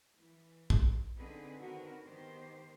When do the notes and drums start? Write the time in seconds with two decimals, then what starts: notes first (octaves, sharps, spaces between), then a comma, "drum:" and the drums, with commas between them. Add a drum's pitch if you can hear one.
0.18 E3
0.70 drum: kick A#1
1.18 D3 C4 D#4 G#4 B4
1.61 D3 D#3 C4 F#4 A#4 B4
2.05 D#3 B3 G4 C5